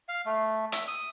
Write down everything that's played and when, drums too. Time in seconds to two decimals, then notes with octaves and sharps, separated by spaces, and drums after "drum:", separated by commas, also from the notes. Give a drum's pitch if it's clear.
0.09 F5
0.26 A3
0.72 E5, drum: hi-hat
0.88 D#6